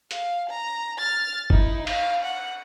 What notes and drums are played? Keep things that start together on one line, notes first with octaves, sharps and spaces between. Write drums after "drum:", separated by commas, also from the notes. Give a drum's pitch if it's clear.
F5, drum: hi-hat
A#5
F6 A6
D#4 E4, drum: kick
F5, drum: cymbal
F#5